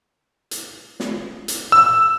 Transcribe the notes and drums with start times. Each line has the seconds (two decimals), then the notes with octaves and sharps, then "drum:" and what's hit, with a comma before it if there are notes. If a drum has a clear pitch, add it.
0.51 drum: hi-hat
1.00 drum: snare
1.48 drum: hi-hat
1.72 E6